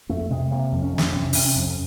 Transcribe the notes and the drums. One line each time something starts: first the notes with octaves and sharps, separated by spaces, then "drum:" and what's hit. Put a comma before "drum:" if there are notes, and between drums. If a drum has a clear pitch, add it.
F2 A3
C3 G#3
C3 A#3
F2
C#4
F2
D4, drum: snare
C3 C#4
C3 D4, drum: open hi-hat
C#4
F2